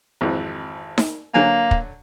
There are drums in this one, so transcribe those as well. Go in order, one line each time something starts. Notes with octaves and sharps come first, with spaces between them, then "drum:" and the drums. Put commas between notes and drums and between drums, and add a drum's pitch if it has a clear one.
G#1 F2 E3
drum: snare D#4
D3 F#3 A#3 G#5
drum: kick